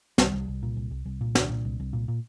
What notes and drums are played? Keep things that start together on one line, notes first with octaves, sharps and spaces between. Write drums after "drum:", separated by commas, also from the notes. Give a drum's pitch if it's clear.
C2 G3, drum: snare
C2
C2
A#2
C2
C2
C2
A#2
C2 D4, drum: snare
A#2
C2
C2
A#2
A#2